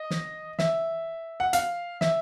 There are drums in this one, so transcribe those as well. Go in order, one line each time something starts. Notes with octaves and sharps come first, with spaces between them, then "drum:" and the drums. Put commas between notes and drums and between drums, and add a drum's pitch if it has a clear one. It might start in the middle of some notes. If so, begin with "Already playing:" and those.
Already playing: D#5
drum: snare
E5, drum: snare
F#5
F5, drum: hi-hat
E5, drum: snare